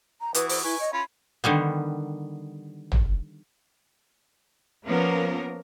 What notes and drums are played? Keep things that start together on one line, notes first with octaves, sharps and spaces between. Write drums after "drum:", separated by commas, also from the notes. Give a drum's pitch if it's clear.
A#5
E3 F#4 B4 D#6, drum: hi-hat
C5, drum: open hi-hat
E4 B4 G#5 C#6
C#5 D#5
C#4 F4 B5
D3 D#3 G3 B3
drum: tom
F3 A#3 B3 C#4 A#4